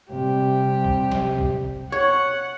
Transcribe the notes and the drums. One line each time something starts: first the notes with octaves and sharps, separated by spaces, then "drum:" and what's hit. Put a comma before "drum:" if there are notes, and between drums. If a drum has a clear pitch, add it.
C3 G3 G4
drum: kick
drum: snare
drum: kick
C#5 F#5